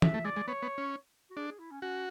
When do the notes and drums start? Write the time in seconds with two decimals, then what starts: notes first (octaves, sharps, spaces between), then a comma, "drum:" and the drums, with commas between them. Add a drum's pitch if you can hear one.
0.02 E3 E5, drum: tom
0.14 A3
0.25 G#3 D5
0.36 G#3
0.48 B3 C#5
0.63 B3
0.78 C#4
1.30 F#4
1.37 D4 G#4
1.48 G#4
1.59 E4
1.71 C#4
1.82 C#4 F#4